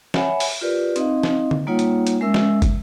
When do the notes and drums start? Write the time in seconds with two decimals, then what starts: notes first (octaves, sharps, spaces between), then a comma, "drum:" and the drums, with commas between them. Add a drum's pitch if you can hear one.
0.14 C#5 E5 F#5 G#5 B5, drum: snare
0.40 drum: open hi-hat
0.61 F4 G4 A#4 B4 D5
0.96 C4 D#4 D#5 F5, drum: hi-hat
1.23 drum: snare
1.51 drum: tom D3
1.67 G3 A#3 D#4 F4 C#5 F#5
1.79 drum: hi-hat
2.07 drum: hi-hat
2.21 G#3 C#4 A#4 E5 E6
2.34 drum: snare
2.62 drum: kick, hi-hat